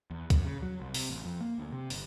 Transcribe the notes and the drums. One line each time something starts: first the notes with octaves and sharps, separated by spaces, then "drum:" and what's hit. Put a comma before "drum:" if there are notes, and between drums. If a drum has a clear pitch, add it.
E2
F#2, drum: kick, hi-hat
C#3
F#3
C2
C3, drum: open hi-hat
A1
F2
A#3
D2
C3
G1, drum: open hi-hat